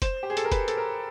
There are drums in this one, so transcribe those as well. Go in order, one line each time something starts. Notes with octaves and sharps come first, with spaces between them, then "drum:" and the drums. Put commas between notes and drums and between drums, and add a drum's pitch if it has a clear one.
C5, drum: kick, hi-hat
G4
G#4
A4, drum: hi-hat
A#4
B4, drum: kick, hi-hat
A4, drum: hi-hat
A#4